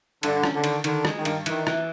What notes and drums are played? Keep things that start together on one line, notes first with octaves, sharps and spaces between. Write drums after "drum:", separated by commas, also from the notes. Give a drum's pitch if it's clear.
G2 D3, drum: cymbal
C#4, drum: rim click
D3
D#3, drum: cymbal
D3 D#3, drum: cymbal
G#3, drum: rim click
D#3
G2, drum: cymbal
D#3 E3, drum: cymbal
E3, drum: rim click